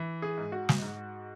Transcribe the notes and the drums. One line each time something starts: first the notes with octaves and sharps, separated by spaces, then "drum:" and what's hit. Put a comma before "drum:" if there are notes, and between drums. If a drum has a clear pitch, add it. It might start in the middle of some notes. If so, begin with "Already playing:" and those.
Already playing: E3
G#4
G#2
F#4
drum: snare
G#2